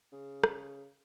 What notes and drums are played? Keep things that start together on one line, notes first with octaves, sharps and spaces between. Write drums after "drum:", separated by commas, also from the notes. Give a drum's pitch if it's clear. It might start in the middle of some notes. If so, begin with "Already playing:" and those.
C#3
drum: rim click